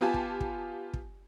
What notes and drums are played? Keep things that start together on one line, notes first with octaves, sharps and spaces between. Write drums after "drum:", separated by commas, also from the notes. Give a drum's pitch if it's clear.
B3 F4 G4 G#5 A5
drum: kick
drum: kick
drum: kick